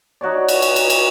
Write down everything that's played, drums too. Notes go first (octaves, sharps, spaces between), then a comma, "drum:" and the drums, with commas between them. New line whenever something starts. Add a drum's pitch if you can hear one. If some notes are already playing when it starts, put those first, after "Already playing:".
D#4 F#4 C#5 D5
drum: cymbal
drum: cymbal
drum: cymbal
drum: cymbal